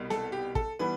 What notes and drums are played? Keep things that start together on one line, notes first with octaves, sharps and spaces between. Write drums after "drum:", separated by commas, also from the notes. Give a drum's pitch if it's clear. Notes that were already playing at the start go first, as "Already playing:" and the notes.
Already playing: C2 B2 G3 B3
A4, drum: snare
G4
A4, drum: kick
E3 G3 B3 B4